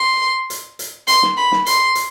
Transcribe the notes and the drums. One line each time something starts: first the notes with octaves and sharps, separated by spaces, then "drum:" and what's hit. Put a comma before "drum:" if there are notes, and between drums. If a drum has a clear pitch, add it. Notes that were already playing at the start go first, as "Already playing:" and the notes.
Already playing: C6
drum: hi-hat
drum: hi-hat
C6, drum: hi-hat
drum: snare
B5
drum: snare
C6, drum: hi-hat
drum: hi-hat